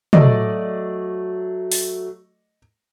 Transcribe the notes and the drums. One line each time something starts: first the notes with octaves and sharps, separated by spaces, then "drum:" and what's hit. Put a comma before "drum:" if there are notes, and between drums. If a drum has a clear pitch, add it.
F#3 A3 D5 D#5, drum: tom
drum: open hi-hat